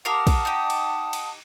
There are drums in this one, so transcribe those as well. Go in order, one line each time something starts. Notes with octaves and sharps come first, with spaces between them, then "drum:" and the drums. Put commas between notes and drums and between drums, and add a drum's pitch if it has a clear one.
G4 A#4 F5 F#5 A5 D#6
drum: kick, cymbal
D#4 G4
drum: cymbal
drum: cymbal